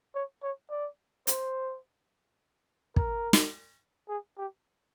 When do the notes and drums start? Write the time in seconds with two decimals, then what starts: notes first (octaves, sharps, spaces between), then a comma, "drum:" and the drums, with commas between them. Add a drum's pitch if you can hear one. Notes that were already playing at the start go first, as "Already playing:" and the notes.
0.15 C#5
0.43 C#5
0.70 D5
1.27 C5, drum: hi-hat
2.96 A#4, drum: kick
3.33 drum: snare
4.09 G#4
4.38 G4